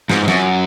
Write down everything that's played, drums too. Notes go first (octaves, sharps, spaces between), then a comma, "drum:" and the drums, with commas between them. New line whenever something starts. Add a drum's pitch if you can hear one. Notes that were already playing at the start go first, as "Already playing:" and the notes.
G#2, drum: snare
G#2
F#2, drum: snare